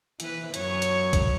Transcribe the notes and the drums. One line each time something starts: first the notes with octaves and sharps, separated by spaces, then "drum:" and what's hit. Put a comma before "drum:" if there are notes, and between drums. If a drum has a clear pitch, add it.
E3 B4, drum: hi-hat
F#2 C#5, drum: hi-hat
drum: hi-hat
drum: kick B1, hi-hat